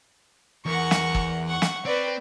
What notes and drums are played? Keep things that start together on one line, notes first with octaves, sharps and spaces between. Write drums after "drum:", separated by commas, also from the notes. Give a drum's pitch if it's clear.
E2 A#4 F#5 C#6
drum: snare
drum: kick G1
F#5 C#6
drum: snare
C4 B4 D5